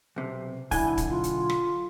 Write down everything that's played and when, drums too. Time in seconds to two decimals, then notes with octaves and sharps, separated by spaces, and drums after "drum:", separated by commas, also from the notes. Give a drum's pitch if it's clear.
0.16 B1 C3
0.71 B1 D3 E4 G#5, drum: kick, open hi-hat
0.97 drum: kick, hi-hat
1.10 F4
1.23 drum: hi-hat
1.50 drum: rim click